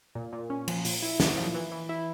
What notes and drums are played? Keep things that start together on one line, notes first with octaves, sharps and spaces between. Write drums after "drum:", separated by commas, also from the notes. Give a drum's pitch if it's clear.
A#2
A#2
C#4
F3, drum: cymbal
A#2, drum: open hi-hat
E4
A#3, drum: snare
F3
E3
E3
E4